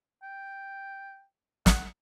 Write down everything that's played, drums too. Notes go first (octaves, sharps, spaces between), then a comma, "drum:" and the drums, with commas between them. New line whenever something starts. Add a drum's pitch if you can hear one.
G5
F#5, drum: snare